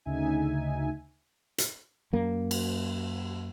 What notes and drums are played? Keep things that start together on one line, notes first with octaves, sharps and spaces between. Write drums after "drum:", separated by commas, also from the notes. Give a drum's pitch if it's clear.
D2 C#3 D#4 E5 G#5
drum: hi-hat
F#2 A#3
drum: cymbal